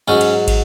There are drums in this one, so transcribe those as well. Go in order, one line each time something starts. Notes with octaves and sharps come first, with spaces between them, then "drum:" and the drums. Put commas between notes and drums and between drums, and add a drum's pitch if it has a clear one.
G#2 F#3 C#4
drum: cymbal
drum: kick, cymbal